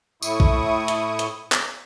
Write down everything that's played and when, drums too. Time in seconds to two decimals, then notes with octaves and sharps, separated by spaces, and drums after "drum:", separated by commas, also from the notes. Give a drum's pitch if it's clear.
0.22 A2 E4 C#6 D#6, drum: tambourine
0.40 drum: kick A#1
0.88 drum: hi-hat
1.19 drum: hi-hat
1.52 drum: clap